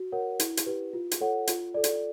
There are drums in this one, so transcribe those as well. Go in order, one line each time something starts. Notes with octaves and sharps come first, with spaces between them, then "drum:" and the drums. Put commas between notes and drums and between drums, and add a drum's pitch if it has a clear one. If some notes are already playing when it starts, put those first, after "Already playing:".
Already playing: F#4
A#4 C#5 F#5
E4, drum: hi-hat
drum: hi-hat
G4 B4
F4
drum: hi-hat
A4 C#5 F#5
F4, drum: hi-hat
A4 D5
drum: hi-hat